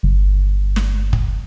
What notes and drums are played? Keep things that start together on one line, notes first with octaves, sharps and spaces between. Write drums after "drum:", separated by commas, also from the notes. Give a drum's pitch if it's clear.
G1
drum: snare
drum: kick